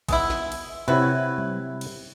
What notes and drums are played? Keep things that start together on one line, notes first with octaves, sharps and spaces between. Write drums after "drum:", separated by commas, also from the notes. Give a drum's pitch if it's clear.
G#3 B3 E4, drum: kick A#1, cymbal
drum: snare
drum: cymbal
C3 E4 F#4 B4 C#5
drum: tom F#3
drum: cymbal